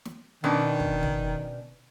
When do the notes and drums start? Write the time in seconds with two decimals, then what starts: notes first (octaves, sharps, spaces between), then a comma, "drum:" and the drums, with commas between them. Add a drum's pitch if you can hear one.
0.05 drum: snare
0.44 B2 D#3 C#4 D4
0.80 drum: kick
1.03 drum: tom